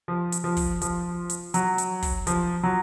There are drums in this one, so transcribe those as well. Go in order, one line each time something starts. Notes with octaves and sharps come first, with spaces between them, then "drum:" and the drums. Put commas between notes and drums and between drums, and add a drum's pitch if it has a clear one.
F3
drum: hi-hat
F3
drum: kick, open hi-hat
F3, drum: hi-hat
drum: hi-hat
F#3, drum: hi-hat
drum: hi-hat
drum: kick, open hi-hat
F3, drum: hi-hat
F#3